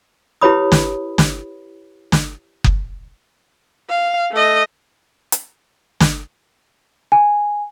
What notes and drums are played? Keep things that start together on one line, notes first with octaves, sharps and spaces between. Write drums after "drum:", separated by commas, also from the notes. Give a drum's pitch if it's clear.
E4 G4 B4 C#5 B5 D#6
drum: snare
drum: snare
drum: snare
drum: kick F#1
F5
A3 D#5
drum: hi-hat
drum: snare
G#5